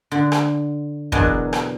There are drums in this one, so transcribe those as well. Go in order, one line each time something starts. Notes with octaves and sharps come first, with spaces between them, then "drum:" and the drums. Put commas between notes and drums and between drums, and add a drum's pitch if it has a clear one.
D3
drum: rim click
E2 B2 F#3 D4 A#4 G#5, drum: kick
drum: rim click